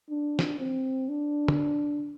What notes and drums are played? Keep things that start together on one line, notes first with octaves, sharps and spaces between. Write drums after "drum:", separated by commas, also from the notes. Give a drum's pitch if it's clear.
D4
drum: snare
C4
D4
drum: tom